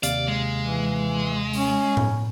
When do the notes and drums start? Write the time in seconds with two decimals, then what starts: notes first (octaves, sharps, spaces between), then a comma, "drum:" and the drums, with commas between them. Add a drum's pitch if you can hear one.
0.03 D#2 C3 D5 F5, drum: hi-hat
0.28 G#3
0.63 E3
1.53 C#4, drum: open hi-hat
1.97 drum: tom A2